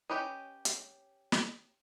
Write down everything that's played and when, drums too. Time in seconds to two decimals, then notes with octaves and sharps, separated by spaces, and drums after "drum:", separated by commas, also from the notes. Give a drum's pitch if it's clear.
0.10 C#4 G4 B4 C#5 D#5
0.65 drum: hi-hat
1.32 drum: snare